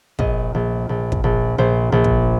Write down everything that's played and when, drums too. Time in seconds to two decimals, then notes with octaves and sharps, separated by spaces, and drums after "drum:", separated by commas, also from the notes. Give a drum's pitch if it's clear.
0.19 A#1 D#5, drum: kick
0.55 A#1
0.89 A#1
1.12 drum: kick
1.24 A#1
1.58 A#1 C5
1.92 A#1
2.04 drum: kick